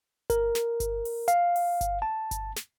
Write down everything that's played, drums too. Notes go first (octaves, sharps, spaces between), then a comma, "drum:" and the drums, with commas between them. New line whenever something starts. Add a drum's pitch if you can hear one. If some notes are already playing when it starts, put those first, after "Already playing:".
A#4, drum: kick G1, hi-hat
drum: snare
drum: kick G1, hi-hat
drum: open hi-hat
F5, drum: hi-hat
drum: open hi-hat
drum: kick G1, hi-hat
A5
drum: kick G1, hi-hat
drum: snare